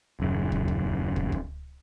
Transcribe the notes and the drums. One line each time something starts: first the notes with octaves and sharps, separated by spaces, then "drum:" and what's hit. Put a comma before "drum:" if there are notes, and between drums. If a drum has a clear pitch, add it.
D#1 F#2 C#3
drum: kick
drum: kick
drum: kick
drum: kick